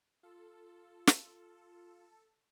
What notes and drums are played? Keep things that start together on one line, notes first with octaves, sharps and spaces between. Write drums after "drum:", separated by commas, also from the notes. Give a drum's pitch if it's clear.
F4 A4
drum: snare